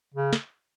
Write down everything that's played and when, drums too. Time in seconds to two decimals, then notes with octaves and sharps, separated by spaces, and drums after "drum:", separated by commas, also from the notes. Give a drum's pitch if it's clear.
0.14 C#3
0.33 drum: snare